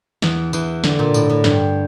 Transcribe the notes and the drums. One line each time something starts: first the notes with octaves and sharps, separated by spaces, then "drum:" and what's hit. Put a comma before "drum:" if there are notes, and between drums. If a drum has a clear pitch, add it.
E2 E3, drum: snare
E2 E3, drum: tambourine
D3, drum: snare
A#2
A2, drum: tambourine
A2
G2, drum: snare